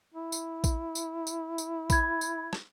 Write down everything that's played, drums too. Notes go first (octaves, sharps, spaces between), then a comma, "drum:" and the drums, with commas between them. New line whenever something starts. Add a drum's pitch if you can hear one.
E4
drum: tambourine
drum: kick A#1, tambourine
drum: tambourine
drum: tambourine
drum: tambourine
B5 G#6, drum: kick A#1, tambourine
drum: tambourine
drum: rim click